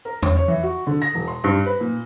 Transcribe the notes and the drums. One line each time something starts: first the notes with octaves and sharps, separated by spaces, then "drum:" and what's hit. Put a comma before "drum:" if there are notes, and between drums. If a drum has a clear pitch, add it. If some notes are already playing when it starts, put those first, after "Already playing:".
A#4
C#4, drum: tom E2
C#5
E3
F#4
D3
A#6
E1
C6
G2
B4
A#2